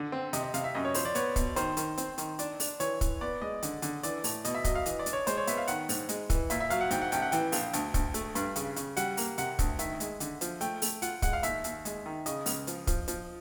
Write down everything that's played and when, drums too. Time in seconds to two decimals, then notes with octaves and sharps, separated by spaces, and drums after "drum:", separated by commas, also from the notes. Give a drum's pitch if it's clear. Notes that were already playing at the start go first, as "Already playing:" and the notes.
Already playing: D3
0.12 C4
0.33 C3 D#5, drum: hi-hat
0.43 D#5
0.54 C3 F5, drum: hi-hat
0.64 E5
0.75 F#2 D#5
0.85 C#5
0.94 F3 C5, drum: open hi-hat
1.05 D5
1.15 B3 C#5, drum: hi-hat
1.36 B2, drum: kick, hi-hat
1.56 D#3 C5, drum: hi-hat
1.77 D#3, drum: hi-hat
1.98 C4, drum: hi-hat
2.18 D#3, drum: hi-hat
2.39 D4, drum: hi-hat
2.60 D4, drum: open hi-hat
2.80 E3 C#5, drum: hi-hat
3.01 E3, drum: kick, hi-hat
3.21 B3 D5
3.42 G#3 D#5
3.63 D3, drum: hi-hat
3.82 D3, drum: hi-hat
4.03 E3 D5, drum: hi-hat
4.24 A2, drum: open hi-hat
4.45 B2 D#5, drum: hi-hat
4.55 E5
4.64 F#3 D#5, drum: kick, hi-hat
4.75 F5
4.86 E3 D#5, drum: hi-hat
4.99 D5
5.06 D4, drum: hi-hat
5.13 C#5
5.27 G#3 C5, drum: hi-hat
5.37 C#5
5.47 B3 E5, drum: hi-hat
5.57 F5
5.67 D#3 F#5, drum: hi-hat
5.89 G#2, drum: open hi-hat
6.09 G#3, drum: hi-hat
6.30 E3, drum: kick, hi-hat
6.50 A#2 E5, drum: hi-hat
6.60 E5
6.70 F#3 F5, drum: hi-hat
6.81 F#5
6.91 G#2 G5, drum: hi-hat
7.01 F#5
7.12 A1 G5, drum: hi-hat
7.22 F#5
7.32 E3 G5, drum: hi-hat
7.52 A#1, drum: open hi-hat
7.73 D2, drum: hi-hat
7.94 D2, drum: kick, hi-hat
8.14 A3, drum: hi-hat
8.35 G2, drum: hi-hat
8.56 C#3, drum: hi-hat
8.76 C#3, drum: hi-hat
8.97 G3 F#5, drum: hi-hat
9.17 A#3, drum: open hi-hat
9.38 C3 F#5, drum: hi-hat
9.59 D2, drum: kick, hi-hat
9.79 D#3 E5, drum: hi-hat
10.00 G#3, drum: hi-hat
10.20 D3, drum: hi-hat
10.41 F3, drum: hi-hat
10.61 A3 G5, drum: hi-hat
10.82 A3, drum: open hi-hat
11.02 F4 F#5, drum: hi-hat
11.22 G#3 F#5, drum: kick, hi-hat
11.33 F5
11.43 D#2 E5, drum: hi-hat
11.64 D#2, drum: hi-hat
11.85 G#3, drum: hi-hat
12.06 D#3
12.26 C#3 D#5, drum: hi-hat
12.46 C#2, drum: open hi-hat
12.67 F3, drum: hi-hat
12.87 F3, drum: kick, hi-hat
13.08 F3, drum: hi-hat